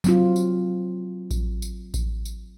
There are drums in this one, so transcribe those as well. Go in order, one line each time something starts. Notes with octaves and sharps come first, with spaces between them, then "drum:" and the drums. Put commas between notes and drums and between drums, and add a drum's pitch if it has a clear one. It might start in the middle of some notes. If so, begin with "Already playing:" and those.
F#3 C4 F4, drum: tambourine
drum: tambourine
drum: kick A1, tambourine
drum: tambourine
drum: kick A1, tambourine
drum: tambourine